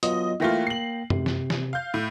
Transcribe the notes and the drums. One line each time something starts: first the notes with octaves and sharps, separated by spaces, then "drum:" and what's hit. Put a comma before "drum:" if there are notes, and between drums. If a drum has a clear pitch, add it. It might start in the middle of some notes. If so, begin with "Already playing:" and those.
F#3 B3 F4 D#5, drum: hi-hat
E3 A3 A#3 F4 G5 A#6
C7 F#7
C3, drum: tom F#2
drum: snare
drum: snare
F5 G6
A2